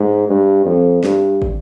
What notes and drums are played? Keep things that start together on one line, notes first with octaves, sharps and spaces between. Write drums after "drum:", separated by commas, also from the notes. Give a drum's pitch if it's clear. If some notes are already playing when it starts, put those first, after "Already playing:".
Already playing: G#2
G2
F2
G2, drum: snare
drum: kick